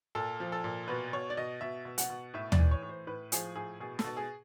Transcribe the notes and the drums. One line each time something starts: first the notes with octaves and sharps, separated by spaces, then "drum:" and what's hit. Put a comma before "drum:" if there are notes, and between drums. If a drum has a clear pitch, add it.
A#2 A4
F3
A4
A#2
B2 B4
B2 C#5
D5
B2 D#5
B2 E5
B2
F#5, drum: hi-hat
B2
A2 E5
D5, drum: tom
E3
C#5
A2
C5
A2 B4
F3 G#4, drum: hi-hat
A2 G#4
B2 G#4
A4, drum: snare
B2
G#4